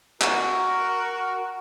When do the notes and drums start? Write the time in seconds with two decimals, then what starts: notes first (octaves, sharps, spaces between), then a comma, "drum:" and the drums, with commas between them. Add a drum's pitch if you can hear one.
0.22 F#4 A#4, drum: clap